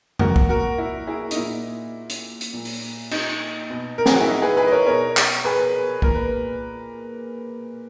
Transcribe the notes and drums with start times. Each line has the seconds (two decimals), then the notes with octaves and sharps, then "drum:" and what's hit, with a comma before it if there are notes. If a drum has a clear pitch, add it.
0.19 A#2 F#4 A#4, drum: tom
0.36 drum: kick
0.49 F#4 A#4
0.78 E4
1.07 E4 G#4
1.31 D#4, drum: hi-hat
1.36 A#2 E4
2.10 drum: hi-hat
2.41 drum: hi-hat
2.53 A#2
2.65 drum: open hi-hat
3.11 D#4, drum: cymbal
3.70 B2
3.98 A#4
4.06 G#4, drum: snare
4.13 F#4
4.21 E4
4.28 D#4
4.42 G#4 B4
4.57 G#4 B4
4.67 D#5
4.71 A#4 C#5
4.86 B2 A#4 C#5
5.17 drum: clap
5.45 G#4 B4
6.02 A#2 A#4, drum: kick
6.14 B4